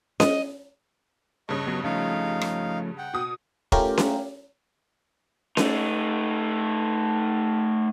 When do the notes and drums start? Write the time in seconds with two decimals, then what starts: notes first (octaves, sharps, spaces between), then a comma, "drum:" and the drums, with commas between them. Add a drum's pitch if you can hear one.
0.20 D#5, drum: snare C#4
1.49 G2 C#3 D#5 C#6
1.67 F#3 B3
1.84 F3 A3 C#4 D#4 F5
2.41 drum: rim click
2.98 F#5 G5
3.14 B2 D#6
3.72 A3 C#4 F4 G4 A#4, drum: kick
3.98 drum: snare C#4
5.57 A3 D#4, drum: snare C#4